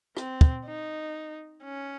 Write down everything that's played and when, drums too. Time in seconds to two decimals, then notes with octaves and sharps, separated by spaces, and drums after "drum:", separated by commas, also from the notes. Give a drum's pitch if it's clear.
0.17 C4, drum: rim click
0.41 drum: kick
0.65 D#4
1.64 C#4